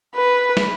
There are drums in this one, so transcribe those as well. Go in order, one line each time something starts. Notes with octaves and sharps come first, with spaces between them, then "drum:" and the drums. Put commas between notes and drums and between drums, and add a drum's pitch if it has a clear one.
B4
drum: snare